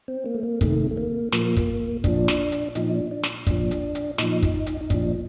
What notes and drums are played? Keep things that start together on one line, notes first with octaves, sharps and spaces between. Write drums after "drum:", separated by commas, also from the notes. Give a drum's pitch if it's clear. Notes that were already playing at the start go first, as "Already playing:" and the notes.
C4
A#3
A3
A#3
C3 D#3 A3, drum: kick, hi-hat
A3
A#3
A#2 F3 A#3, drum: snare
drum: kick, hi-hat
A#2 F3 D4, drum: kick, hi-hat
drum: snare
drum: hi-hat
A#2 F3 D#4, drum: hi-hat
D4
D4
drum: snare
A#2 F3 D4, drum: kick, hi-hat
drum: hi-hat
drum: hi-hat
A#2 F3 D#4, drum: snare
drum: kick, hi-hat
drum: hi-hat
D#4
A#2 F3 D4, drum: kick, hi-hat